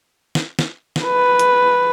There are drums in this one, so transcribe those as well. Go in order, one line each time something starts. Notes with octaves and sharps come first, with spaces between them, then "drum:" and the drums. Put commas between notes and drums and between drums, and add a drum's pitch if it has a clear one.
drum: snare
drum: snare
drum: snare
B4
drum: hi-hat